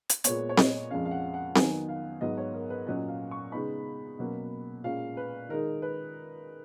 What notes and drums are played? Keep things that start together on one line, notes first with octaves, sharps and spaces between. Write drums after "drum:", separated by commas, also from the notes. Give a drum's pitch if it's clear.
drum: hi-hat
A#2 G#3 B3 C#5, drum: hi-hat
C#5
D#5, drum: snare C4
F2 F3 G#3 C#4 F5
F5
F#5
F#5
D#3 F#3 B3 D#4 G#5, drum: snare C4
F5
G#2 F#3 B3 D#5
C#5
A#4
B4
A#2 F#3 C#4 D#5
F5
C#6
C#3 G#3 B3 D#4 B5
B2 F#3 A#3 C#4
A#2 G#3 C#4 F5
B4
D#3 G#3 D#4 A#4
B4